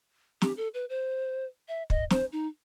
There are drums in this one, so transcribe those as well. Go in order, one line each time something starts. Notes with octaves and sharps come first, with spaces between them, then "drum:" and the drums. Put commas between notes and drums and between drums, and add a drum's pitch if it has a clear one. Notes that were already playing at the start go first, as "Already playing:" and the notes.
G4, drum: snare
A4
B4
C5
E5
D#5, drum: kick
C5, drum: snare
D#4